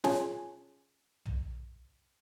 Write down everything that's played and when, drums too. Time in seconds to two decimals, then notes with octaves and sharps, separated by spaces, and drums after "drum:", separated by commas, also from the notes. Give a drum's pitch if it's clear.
0.04 C#4 F4 G#4 C#5 G#5 A5, drum: snare
1.26 drum: tom